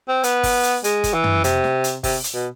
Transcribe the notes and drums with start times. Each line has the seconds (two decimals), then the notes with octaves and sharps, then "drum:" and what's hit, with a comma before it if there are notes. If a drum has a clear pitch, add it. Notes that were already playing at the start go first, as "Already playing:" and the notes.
0.08 C4
0.24 B3, drum: hi-hat
0.43 drum: kick G1, open hi-hat
0.63 drum: hi-hat
0.84 G#3, drum: hi-hat
1.04 drum: kick G1, hi-hat
1.13 E3
1.24 drum: tom
1.44 C3, drum: hi-hat
1.64 drum: snare
1.84 drum: hi-hat
2.04 C3, drum: kick G1, open hi-hat
2.24 drum: hi-hat
2.34 B2